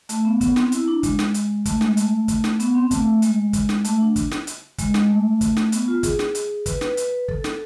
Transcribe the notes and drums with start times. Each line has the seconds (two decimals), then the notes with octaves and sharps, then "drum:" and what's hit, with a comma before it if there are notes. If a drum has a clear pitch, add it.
0.09 A3, drum: hi-hat
0.25 B3
0.41 B3, drum: kick, hi-hat
0.56 C4, drum: snare
0.72 E4, drum: hi-hat
0.88 D4
1.03 G#3, drum: kick, hi-hat
1.19 drum: snare
1.34 drum: hi-hat
1.65 A3, drum: kick, hi-hat
1.81 G#3, drum: snare
1.97 A3, drum: hi-hat
2.28 drum: kick, hi-hat
2.44 drum: snare
2.60 B3, drum: hi-hat
2.75 C4
2.91 A3, drum: kick, hi-hat
3.01 A3
3.22 G#3, drum: hi-hat
3.53 drum: kick, hi-hat
3.69 drum: snare
3.84 A3, drum: hi-hat
4.00 D4
4.16 drum: kick, hi-hat
4.31 drum: snare
4.47 drum: hi-hat
4.78 G#3, drum: kick, hi-hat
4.94 G#3, drum: snare
5.10 A3
5.41 drum: kick, hi-hat
5.56 drum: snare
5.72 B3, drum: hi-hat
5.88 F4
6.03 G#4, drum: kick, hi-hat
6.19 drum: snare
6.35 drum: hi-hat
6.66 B4, drum: kick, hi-hat
6.81 B4, drum: snare
6.97 drum: hi-hat
7.28 A4, drum: kick
7.44 drum: snare